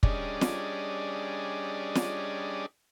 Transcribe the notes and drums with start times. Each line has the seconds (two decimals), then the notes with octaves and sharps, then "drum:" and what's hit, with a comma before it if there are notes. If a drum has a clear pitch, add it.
0.03 G3 C#4 D4 G#4 D5 D#5, drum: kick
0.41 drum: snare
1.95 drum: snare